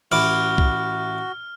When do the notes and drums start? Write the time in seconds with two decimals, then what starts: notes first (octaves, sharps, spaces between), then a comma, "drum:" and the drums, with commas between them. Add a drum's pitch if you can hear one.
0.12 A1 E4 F#4 D6 F6, drum: cymbal
0.58 drum: kick B1